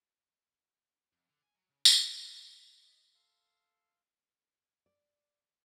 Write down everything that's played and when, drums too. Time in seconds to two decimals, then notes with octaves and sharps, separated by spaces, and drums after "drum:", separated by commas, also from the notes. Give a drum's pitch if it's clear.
1.13 F2
1.28 D3
1.43 G#5
1.55 F#3
1.70 C#3
1.85 C2, drum: tambourine
2.01 A#2
2.18 F#2
2.32 F#4
2.46 C#3
2.82 D#5
3.15 A4 F5 C6
4.86 D5